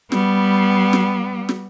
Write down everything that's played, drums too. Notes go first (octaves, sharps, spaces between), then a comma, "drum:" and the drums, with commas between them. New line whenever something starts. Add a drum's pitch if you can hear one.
G3 B3, drum: snare
drum: snare
drum: snare